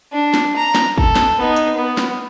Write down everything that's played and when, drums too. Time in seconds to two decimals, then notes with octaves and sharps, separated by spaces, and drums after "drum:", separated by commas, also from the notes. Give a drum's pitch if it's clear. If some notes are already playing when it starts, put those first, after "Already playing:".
0.12 D4
0.34 drum: snare
0.56 A#5
0.75 drum: snare
0.98 A4, drum: kick
1.16 drum: snare
1.38 B3 D#4
1.56 drum: hi-hat
1.77 B3
1.97 drum: snare